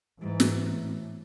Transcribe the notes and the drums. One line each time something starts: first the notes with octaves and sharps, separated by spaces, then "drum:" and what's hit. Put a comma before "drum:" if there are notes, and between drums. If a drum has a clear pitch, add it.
G#2 E3
drum: snare
A2